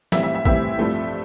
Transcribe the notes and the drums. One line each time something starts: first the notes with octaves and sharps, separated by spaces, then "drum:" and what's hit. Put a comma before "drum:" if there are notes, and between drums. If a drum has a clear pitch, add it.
A2 E3 G3 C4 E5, drum: snare F#3
E5
E5
A2 E3 G3 C4 E5, drum: kick B1
G2 F3 A3 C4